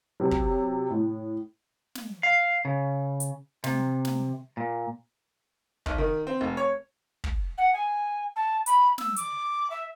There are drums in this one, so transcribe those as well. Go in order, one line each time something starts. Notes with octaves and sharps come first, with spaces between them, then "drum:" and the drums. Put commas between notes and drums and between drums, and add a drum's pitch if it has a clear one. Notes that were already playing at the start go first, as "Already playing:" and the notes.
C3 F#3
drum: kick
A2
drum: snare
F5
C#3
drum: hi-hat
C3, drum: snare
drum: snare
A#2
B1, drum: kick
D#3
C4
F1
C#5
drum: kick
F#5
G#5
A5
B5, drum: hi-hat
E6, drum: snare
D6, drum: hi-hat
E5